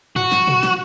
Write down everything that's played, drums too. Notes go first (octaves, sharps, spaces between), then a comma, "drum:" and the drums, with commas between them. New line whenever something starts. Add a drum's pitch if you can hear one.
F#4, drum: tom G2
drum: snare
drum: tom A#2
drum: snare